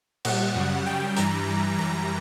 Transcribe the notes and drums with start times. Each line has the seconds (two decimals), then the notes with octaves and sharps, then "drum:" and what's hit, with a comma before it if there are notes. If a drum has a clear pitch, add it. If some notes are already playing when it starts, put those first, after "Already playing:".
0.25 A#2 G3 F#5, drum: cymbal
0.55 F#2 C#3 G3
0.86 F#2 C#3 G3 G5
1.16 G2 E3 G3 A#5, drum: hi-hat
1.47 G2 E3 G3
1.78 F#2 E3 G3 A#5